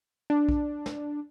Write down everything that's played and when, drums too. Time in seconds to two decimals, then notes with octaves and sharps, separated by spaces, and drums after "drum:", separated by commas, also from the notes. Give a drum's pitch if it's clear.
0.30 D4
0.49 drum: kick A#1
0.86 drum: snare